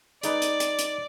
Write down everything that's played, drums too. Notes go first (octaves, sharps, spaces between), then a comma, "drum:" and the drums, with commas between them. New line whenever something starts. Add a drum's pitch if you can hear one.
G#3 D#4 B4 D5, drum: hi-hat
drum: hi-hat
drum: hi-hat
drum: hi-hat